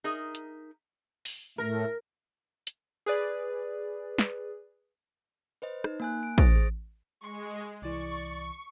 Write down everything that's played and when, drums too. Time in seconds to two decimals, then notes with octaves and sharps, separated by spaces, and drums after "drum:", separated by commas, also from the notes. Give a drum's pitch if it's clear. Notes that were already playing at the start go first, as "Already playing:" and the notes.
0.04 D#4 G#4 A#4 E5
0.35 drum: hi-hat
1.25 drum: open hi-hat
1.58 A2 A3 A#4
2.67 drum: hi-hat
3.06 G#4 B4 D5
4.18 drum: snare
5.62 B4 C5 D#5
5.84 D#4, drum: rim click
6.00 A#3 G#5 F#6
6.23 D7
6.38 C5 C#6 D#6 A6 A#6 D7, drum: kick
6.55 G#4
7.21 G#3 C#6
7.82 C2 E3 D5 C#6